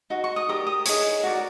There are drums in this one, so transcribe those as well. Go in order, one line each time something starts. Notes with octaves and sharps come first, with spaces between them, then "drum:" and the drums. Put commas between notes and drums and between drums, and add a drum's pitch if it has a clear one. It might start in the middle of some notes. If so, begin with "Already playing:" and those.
D#4 F#4
C#6
D#6
G4 A#4 D5 D#6
D#6
D#4 G#4 C#5, drum: hi-hat
F#4 A#4 D5